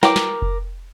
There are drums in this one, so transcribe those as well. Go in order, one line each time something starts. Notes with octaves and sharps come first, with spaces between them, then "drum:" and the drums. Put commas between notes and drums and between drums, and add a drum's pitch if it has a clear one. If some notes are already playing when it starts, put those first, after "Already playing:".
E4 A#4 B4 C#5 G5 D6, drum: snare
drum: snare
drum: kick F1